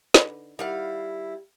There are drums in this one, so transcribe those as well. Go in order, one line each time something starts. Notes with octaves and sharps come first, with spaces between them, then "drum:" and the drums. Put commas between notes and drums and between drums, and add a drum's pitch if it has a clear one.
D3 D#4 B4, drum: snare
D#3 G3 E4 F5 F#5